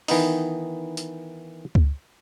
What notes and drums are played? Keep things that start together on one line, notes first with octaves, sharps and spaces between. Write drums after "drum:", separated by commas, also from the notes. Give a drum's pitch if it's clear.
D#3 E3 B3 D#4, drum: open hi-hat
drum: hi-hat
drum: kick C#2